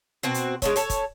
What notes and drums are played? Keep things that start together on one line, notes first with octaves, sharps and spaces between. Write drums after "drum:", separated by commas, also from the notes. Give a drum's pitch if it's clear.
B2 C4 F#4
drum: hi-hat
G#3 D4 C#5, drum: kick, hi-hat
A4 C#5, drum: hi-hat
drum: kick, hi-hat